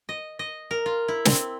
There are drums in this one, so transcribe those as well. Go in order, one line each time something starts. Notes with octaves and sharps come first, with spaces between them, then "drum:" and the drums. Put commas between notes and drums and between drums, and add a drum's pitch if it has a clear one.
D#5
D#5
A#4
F4
E4
C4, drum: snare